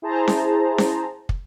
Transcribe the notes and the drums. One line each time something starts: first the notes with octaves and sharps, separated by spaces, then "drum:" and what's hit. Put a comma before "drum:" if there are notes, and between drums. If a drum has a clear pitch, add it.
E4 G#4 C5 A5 A#5
drum: snare C#4
drum: snare C#4
drum: kick